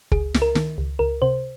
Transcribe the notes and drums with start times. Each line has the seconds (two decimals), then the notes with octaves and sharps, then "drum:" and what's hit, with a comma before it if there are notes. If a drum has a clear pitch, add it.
0.12 C#2 G#4, drum: kick
0.34 C#2, drum: snare
0.42 A#4
0.55 D#3, drum: snare
0.78 C#2
0.99 C#2 A#4
1.22 C3 C5